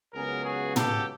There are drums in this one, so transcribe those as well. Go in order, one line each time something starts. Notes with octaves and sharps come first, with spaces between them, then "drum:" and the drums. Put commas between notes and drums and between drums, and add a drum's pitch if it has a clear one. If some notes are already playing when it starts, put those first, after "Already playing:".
C#2 C#3 F#3 B3 G#4 A#4
F#4 G#4
G4 A4, drum: tom